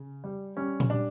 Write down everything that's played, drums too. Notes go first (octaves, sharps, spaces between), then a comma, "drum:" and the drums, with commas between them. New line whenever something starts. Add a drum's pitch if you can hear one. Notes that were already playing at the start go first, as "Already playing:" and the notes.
Already playing: C#3
G3
G3 C#4
drum: tom A#2
G3 D4